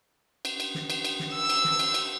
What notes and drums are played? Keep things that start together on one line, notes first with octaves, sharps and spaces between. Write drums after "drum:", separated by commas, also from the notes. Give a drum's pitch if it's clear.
drum: cymbal
drum: cymbal
drum: snare
drum: cymbal
drum: cymbal
drum: snare
E6
drum: cymbal
drum: snare
drum: cymbal
drum: cymbal